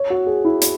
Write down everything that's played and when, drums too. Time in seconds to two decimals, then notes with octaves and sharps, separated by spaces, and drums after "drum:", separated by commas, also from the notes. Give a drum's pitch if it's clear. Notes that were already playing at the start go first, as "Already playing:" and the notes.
Already playing: C#5
0.10 F#4
0.27 G#4
0.45 E4
0.62 drum: hi-hat